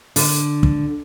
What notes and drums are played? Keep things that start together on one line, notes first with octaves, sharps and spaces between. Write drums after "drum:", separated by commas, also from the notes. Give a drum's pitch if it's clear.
D3, drum: open hi-hat
drum: kick